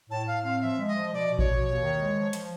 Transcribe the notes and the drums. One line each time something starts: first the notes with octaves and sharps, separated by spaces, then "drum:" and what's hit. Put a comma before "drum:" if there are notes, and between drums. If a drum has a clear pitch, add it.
A2 A5
A2 F5
C4 F5
F3 E5
G#3
D#5
F3
B2 D5
B2
C#5, drum: kick A1
B2
D#2
D#3
G#3
F3
F3, drum: hi-hat